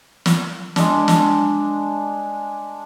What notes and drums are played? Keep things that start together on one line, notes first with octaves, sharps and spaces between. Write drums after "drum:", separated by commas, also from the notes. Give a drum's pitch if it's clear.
drum: snare
G#3 D4, drum: snare
drum: snare